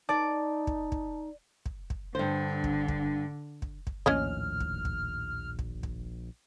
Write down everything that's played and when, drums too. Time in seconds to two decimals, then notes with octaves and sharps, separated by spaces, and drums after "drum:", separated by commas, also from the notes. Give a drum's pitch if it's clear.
0.09 D#4 D5 A5
0.67 drum: kick
0.92 drum: kick
1.66 drum: kick
1.90 drum: kick
2.15 G2 D3 C5
2.64 drum: kick
2.88 drum: kick
3.62 drum: kick
3.87 drum: kick
4.06 A#1 D#2 A2 A#3 C#4 C#5 D#5 F6
4.60 drum: kick
4.85 drum: kick
5.59 drum: kick
5.83 drum: kick